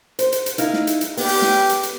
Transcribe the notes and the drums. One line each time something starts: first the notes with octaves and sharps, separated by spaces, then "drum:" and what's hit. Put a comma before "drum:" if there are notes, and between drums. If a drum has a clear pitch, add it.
C5, drum: hi-hat
drum: hi-hat
drum: hi-hat
D#4 E4 F5, drum: hi-hat
drum: snare
drum: hi-hat
drum: hi-hat
B3 G4, drum: open hi-hat
drum: open hi-hat
drum: snare
drum: hi-hat
drum: hi-hat